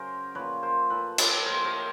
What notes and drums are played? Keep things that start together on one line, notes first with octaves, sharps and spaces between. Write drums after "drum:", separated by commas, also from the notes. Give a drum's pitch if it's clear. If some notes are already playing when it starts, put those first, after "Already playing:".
Already playing: C#3 F#3 A#4 C5
A#2 F3 B4 C#5
A#4 C5
A#2 F3 A4 B4
B4 C#5, drum: cymbal
A#2 F3 A#4 C5
A#4 C5